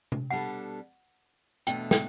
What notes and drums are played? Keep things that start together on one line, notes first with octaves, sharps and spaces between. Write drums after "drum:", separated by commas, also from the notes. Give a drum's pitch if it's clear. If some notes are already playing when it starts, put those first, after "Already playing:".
drum: tom
B2 G3 D4 A4 F#5
E2 B2 A3 D4 G5, drum: hi-hat
G5, drum: snare